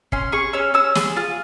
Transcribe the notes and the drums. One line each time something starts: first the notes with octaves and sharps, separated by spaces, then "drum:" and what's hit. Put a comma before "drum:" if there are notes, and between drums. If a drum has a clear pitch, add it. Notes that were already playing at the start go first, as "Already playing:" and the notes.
C#4 C6, drum: kick
G#4 C#6
C#4 E6
C#4 E6
G#4, drum: snare
F4